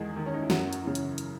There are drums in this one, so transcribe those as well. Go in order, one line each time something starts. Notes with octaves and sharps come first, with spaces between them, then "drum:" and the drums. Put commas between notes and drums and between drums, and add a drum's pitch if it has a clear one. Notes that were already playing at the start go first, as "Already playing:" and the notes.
Already playing: E2 D#3 G#3 G#4
D#3
C#4
D#4
E4
F#2 F#3 F#4, drum: snare
drum: hi-hat
C#3 E3
drum: hi-hat
drum: hi-hat